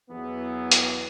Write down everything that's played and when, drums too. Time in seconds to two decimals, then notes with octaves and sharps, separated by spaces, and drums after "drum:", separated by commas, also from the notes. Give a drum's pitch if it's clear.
0.10 E2 E3 F#3 B3
0.72 drum: hi-hat